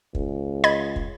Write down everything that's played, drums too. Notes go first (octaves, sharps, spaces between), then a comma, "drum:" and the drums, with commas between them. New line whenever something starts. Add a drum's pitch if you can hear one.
C#2, drum: kick
D#5 B5 G#6
drum: kick